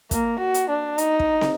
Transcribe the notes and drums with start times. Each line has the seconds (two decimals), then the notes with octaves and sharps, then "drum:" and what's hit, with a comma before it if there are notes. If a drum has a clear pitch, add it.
0.11 A#3, drum: kick, hi-hat
0.39 F#4
0.54 drum: hi-hat
0.69 D4
0.98 D#4, drum: hi-hat
1.20 drum: kick
1.41 drum: snare